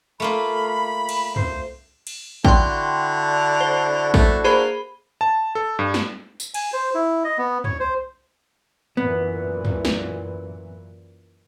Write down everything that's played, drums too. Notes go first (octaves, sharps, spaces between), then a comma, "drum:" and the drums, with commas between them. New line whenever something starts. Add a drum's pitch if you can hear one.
A3 A#3 F4 B5
drum: cymbal
C5, drum: tom
drum: cymbal
D3 D4 E4 F#4 G5 C6, drum: kick
C5
A3, drum: kick
A#3 G#4 C5 B5
A5
A4
G2
drum: snare
drum: tambourine
G#5, drum: cymbal
C5
E4
D#5
B3
C#5, drum: tom
C5
F#2 A#2 E3 B3
drum: tom
drum: snare